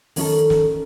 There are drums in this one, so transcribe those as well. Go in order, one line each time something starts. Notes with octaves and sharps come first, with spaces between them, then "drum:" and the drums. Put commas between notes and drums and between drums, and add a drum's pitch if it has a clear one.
D#3 C#4 A4, drum: open hi-hat
drum: snare